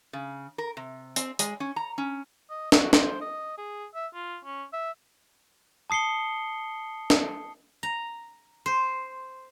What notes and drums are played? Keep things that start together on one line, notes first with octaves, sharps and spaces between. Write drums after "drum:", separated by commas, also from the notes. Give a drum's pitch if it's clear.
C#3
A#4
C3
C4, drum: hi-hat
G#3, drum: hi-hat
C#4
A#5
C#4
D#5
F#4, drum: snare
C5, drum: snare
D#5
G#4
E5
F4
C#4
E5
A5 D#6 C7 C#7 G7
drum: snare
A#5
C5